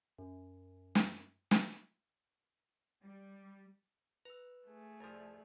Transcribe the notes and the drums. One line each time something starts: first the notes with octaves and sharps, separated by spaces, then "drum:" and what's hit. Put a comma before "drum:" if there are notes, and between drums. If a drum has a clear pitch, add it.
F#2
drum: snare
drum: snare
G3
B4 A#5 E6
A3 G#4
C2 F3 D5 A#5